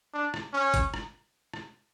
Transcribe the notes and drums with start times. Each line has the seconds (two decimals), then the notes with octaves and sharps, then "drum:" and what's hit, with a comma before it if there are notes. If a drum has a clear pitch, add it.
0.14 D4
0.34 drum: rim click
0.53 C#4
0.74 drum: kick G1, hi-hat
0.94 drum: rim click
1.54 drum: rim click